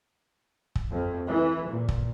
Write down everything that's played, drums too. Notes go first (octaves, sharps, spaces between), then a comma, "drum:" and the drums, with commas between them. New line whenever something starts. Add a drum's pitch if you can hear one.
drum: kick
F2
E3
A#2
drum: kick